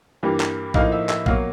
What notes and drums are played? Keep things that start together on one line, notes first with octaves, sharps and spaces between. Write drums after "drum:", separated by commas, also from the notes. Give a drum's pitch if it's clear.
G2 E3 G3 A#3
drum: clap
A2 F3 A#3 D#4 F5, drum: kick
E5
E5, drum: clap
B2 F#3 A#3 F5, drum: kick